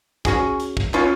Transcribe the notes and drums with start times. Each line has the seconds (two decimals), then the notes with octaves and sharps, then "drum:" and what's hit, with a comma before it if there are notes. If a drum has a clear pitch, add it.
0.25 C#4 F#4 G#4, drum: kick, hi-hat
0.60 drum: hi-hat
0.77 drum: kick
0.94 C#4 F4, drum: clap